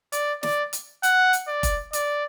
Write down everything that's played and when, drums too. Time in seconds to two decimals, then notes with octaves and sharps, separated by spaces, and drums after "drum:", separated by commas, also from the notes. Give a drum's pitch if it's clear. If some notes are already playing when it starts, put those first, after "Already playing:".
0.12 D5, drum: hi-hat
0.43 D5, drum: snare
0.73 drum: hi-hat
1.03 F#5, drum: hi-hat
1.33 drum: hi-hat
1.48 D5
1.63 drum: kick F1, hi-hat
1.93 D5, drum: hi-hat